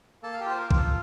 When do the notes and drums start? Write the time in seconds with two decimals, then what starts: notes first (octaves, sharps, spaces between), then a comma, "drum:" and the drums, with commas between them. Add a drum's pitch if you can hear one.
0.23 A#3 A4 A5
0.34 F5
0.40 G4 G5
0.46 F4 C5
0.58 A#4
0.71 F4, drum: kick A#1
0.76 A4